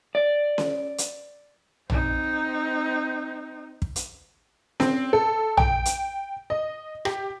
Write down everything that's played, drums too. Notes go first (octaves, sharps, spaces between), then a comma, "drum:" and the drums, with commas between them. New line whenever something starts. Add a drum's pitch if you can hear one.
D5
drum: snare C#4
drum: hi-hat
C4 D#4, drum: tom A#1
drum: kick
drum: hi-hat
C4, drum: snare C#4
A4
G5, drum: tom A#1
drum: hi-hat
D#5
G4, drum: rim click